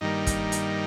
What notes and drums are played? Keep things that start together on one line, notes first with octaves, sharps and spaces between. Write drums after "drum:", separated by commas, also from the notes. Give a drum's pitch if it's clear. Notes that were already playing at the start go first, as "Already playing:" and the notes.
G2 D#3 G3 A#3 D#4
drum: kick, hi-hat
drum: hi-hat